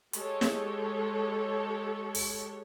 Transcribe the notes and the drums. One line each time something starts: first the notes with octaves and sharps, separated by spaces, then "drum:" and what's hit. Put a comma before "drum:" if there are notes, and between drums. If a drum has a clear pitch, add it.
G#3 G4 A4 C#5, drum: hi-hat
drum: snare
drum: open hi-hat